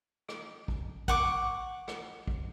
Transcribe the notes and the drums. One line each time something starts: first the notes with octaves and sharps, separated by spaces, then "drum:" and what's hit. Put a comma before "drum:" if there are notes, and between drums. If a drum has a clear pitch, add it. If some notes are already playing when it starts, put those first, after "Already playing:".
drum: rim click
drum: kick
F#5 C#6 D6, drum: kick
drum: rim click
drum: kick